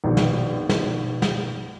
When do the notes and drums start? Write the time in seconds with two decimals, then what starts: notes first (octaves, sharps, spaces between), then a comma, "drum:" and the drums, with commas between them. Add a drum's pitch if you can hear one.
0.04 A#1 B2 D#3
0.17 drum: snare
0.69 drum: snare
1.22 drum: snare